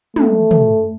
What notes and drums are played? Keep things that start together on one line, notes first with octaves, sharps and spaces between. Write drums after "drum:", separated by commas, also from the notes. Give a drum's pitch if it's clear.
A3, drum: tom
drum: tom